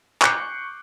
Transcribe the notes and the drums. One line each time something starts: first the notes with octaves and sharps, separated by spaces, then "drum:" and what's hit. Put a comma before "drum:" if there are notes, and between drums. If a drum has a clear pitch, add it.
C#6 D6 F#6 G6 C7 C#7, drum: clap